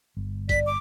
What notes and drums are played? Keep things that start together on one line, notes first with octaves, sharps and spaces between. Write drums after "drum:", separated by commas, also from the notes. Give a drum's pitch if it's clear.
G1
D5 B6, drum: kick, hi-hat
D6